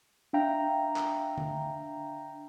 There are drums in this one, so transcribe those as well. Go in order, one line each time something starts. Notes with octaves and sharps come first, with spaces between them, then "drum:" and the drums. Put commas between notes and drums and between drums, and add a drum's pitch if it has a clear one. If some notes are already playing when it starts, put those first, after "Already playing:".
D4 E5 F5 G5 A#5
drum: clap
drum: tom D3